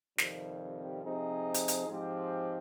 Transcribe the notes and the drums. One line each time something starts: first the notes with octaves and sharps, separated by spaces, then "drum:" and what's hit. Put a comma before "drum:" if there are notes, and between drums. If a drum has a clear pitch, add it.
F2 C3 D#3 G3 C4, drum: snare
C3 F3 C4 D#4 G#4
drum: hi-hat
drum: hi-hat
G#2 F3 G#3 C4 G4